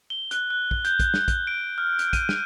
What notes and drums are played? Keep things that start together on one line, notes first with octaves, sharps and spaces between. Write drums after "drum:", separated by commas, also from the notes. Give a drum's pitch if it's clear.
G7
F#6, drum: hi-hat
F#6
drum: kick
G6, drum: hi-hat
drum: kick, hi-hat
drum: snare
drum: kick, hi-hat
D7
F6
drum: hi-hat
D#7, drum: kick, hi-hat
D#7, drum: snare